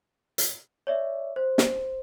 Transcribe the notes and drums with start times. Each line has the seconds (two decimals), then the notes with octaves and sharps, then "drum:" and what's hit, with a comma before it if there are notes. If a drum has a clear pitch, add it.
0.38 drum: hi-hat
0.87 C#5 D5 E5
1.36 C5
1.58 drum: snare